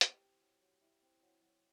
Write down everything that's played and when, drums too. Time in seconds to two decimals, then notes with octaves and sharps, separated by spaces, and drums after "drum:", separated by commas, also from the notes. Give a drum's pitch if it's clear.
0.01 E4 G4, drum: hi-hat
0.22 C4
0.41 F#3
0.62 F#3
0.81 E4
1.02 C4
1.22 F#3
1.42 F#3